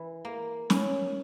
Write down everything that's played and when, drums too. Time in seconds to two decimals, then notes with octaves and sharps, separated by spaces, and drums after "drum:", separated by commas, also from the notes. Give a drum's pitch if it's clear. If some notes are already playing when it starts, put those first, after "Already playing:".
Already playing: E3
0.25 A#3
0.70 C#4, drum: snare